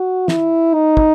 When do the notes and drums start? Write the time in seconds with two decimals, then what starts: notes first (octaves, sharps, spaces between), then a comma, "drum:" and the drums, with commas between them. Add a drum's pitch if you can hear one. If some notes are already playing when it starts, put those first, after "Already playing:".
Already playing: F#4
0.28 E4, drum: snare
0.74 D#4
0.97 drum: kick